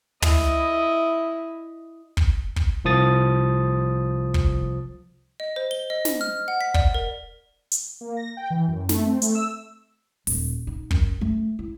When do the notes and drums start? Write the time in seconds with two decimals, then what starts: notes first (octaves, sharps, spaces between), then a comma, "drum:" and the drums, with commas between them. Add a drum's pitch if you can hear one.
0.22 E4 D#5, drum: tom
2.17 drum: kick
2.56 drum: kick
2.85 C2 F3 D#6 A6
4.34 drum: kick
5.40 D#5
5.56 C5
5.71 G7
5.90 D#5
6.05 drum: snare
6.21 F6
6.48 F#5
6.61 B6
6.74 D5, drum: kick
6.94 A#4
7.72 drum: hi-hat
8.01 A#3
8.17 A#6
8.37 G5
8.50 E3
8.68 F#2
8.89 A3, drum: snare
9.06 C4
9.22 A3, drum: hi-hat
9.35 E6
10.27 D#1, drum: open hi-hat
10.67 D#4
10.91 F#2, drum: kick
11.21 A3
11.59 E4